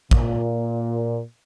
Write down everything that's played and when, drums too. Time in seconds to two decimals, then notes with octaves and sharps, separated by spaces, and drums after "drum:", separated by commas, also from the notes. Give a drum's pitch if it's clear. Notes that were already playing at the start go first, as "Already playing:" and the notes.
0.11 A#2, drum: kick